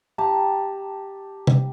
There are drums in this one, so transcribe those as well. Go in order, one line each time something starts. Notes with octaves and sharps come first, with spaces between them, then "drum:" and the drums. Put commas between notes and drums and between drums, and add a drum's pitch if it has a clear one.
G4 A5 A#5
drum: tom C3